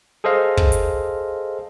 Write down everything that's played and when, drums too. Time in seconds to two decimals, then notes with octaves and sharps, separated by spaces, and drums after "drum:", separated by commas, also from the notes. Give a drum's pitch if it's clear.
0.24 G#4 A4 C5 D#5 F5
0.57 drum: kick
0.72 drum: hi-hat